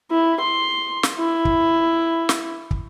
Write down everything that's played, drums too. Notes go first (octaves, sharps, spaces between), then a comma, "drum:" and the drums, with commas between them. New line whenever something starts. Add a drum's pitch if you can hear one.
E4
C6
drum: snare
E4
drum: kick
drum: snare
drum: kick